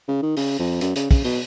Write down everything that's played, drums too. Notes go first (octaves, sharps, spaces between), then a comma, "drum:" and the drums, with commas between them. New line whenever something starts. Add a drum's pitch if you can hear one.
C#3
D#3
C#3, drum: open hi-hat
F2
F#2, drum: hi-hat
C#3, drum: hi-hat
C#3, drum: kick, open hi-hat
B2, drum: open hi-hat